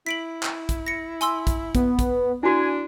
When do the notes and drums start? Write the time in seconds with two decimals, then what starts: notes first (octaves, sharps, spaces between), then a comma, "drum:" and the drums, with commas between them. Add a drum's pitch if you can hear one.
0.07 E4 B6 D7 F#7
0.43 drum: clap
0.69 drum: kick, hi-hat
0.86 A#6 C#7
1.21 G#5 C6 E6, drum: hi-hat
1.47 drum: kick, hi-hat
1.75 B3, drum: kick, hi-hat
1.99 drum: kick, hi-hat
2.43 D4 E4 F#4 G#5